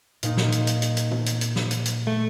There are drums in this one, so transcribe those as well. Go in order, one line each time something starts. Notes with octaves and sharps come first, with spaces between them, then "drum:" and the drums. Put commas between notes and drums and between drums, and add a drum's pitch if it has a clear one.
A#2 D#4, drum: hi-hat
drum: snare
drum: hi-hat
drum: hi-hat
drum: hi-hat
drum: hi-hat
drum: tom
drum: hi-hat
drum: hi-hat
drum: snare
drum: hi-hat
drum: hi-hat
A3